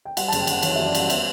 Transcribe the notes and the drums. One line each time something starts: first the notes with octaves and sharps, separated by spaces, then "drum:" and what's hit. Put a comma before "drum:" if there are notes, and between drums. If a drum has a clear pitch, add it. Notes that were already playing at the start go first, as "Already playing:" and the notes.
G5
G3 F#5, drum: cymbal
A5
F#1, drum: cymbal
G5
F#1 F#5, drum: cymbal
E3 C#5, drum: cymbal
F#2 E5
D5
G3, drum: cymbal
F#5
B3 E5, drum: cymbal